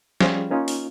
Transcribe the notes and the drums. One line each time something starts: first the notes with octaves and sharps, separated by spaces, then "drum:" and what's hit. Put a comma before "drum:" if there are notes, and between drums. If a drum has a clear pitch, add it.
F3 G3 C#4 F4 G#4, drum: snare
A#3 C#4 D#4 F4
drum: open hi-hat